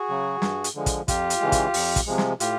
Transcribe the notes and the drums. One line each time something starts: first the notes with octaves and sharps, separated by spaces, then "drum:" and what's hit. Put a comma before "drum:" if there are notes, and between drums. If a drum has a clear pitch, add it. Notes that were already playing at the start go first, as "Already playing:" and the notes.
Already playing: F#4 G#4
C#3 F#3
G2, drum: snare
drum: hi-hat
D3 F3 G#3
drum: kick, hi-hat
F2 F4 G4, drum: kick, hi-hat
drum: hi-hat
C#3 E3 G#3
drum: kick, hi-hat
F2, drum: open hi-hat
drum: kick, hi-hat
C3 F3 G#3
drum: snare
A2 F4 G4, drum: hi-hat